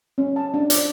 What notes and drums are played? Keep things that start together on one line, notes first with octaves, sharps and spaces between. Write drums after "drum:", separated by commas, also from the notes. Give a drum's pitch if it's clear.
C#4
A5
D4
D5, drum: hi-hat